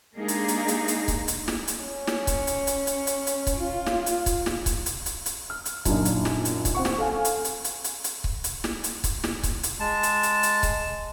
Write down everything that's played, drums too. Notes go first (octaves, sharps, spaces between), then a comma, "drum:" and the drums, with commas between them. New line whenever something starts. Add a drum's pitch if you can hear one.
G#3 A#3 D4 D#4 G4 G#4
drum: hi-hat
drum: hi-hat
drum: hi-hat
drum: hi-hat
drum: kick C#1, hi-hat
drum: hi-hat
drum: snare
drum: hi-hat
C#4
drum: snare
drum: kick C#1, hi-hat
drum: hi-hat
drum: hi-hat
drum: hi-hat
drum: hi-hat
drum: hi-hat
drum: kick C#1, hi-hat
F4
drum: snare
drum: hi-hat
drum: kick C#1, hi-hat
drum: snare
drum: kick C#1, hi-hat
drum: hi-hat
drum: hi-hat
drum: hi-hat
F6
drum: hi-hat
F#2 A#2 D4 D#4, drum: kick C#1, hi-hat
drum: hi-hat
drum: snare
drum: hi-hat
drum: kick C#1, hi-hat
C4 F#5 C#6
drum: snare
A4 F5 G#5
drum: hi-hat
drum: hi-hat
drum: hi-hat
drum: hi-hat
drum: hi-hat
drum: kick C#1
drum: hi-hat
drum: snare
drum: hi-hat
drum: kick C#1, hi-hat
drum: snare
drum: kick C#1, hi-hat
drum: hi-hat
G#3 A5
drum: hi-hat
drum: hi-hat
drum: hi-hat
drum: kick C#1, hi-hat